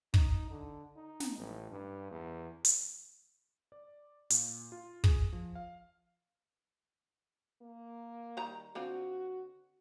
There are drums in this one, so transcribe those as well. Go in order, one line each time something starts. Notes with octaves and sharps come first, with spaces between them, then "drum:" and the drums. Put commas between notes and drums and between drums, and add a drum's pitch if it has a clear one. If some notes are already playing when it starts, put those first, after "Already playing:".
D#4, drum: kick
D3
D#4
drum: snare
A1
G2
E2
drum: hi-hat
D5
A#2, drum: hi-hat
F4
G#4, drum: kick
F3
F5
A#3
D#3 G3 A#5
D3 C4 F4 F#4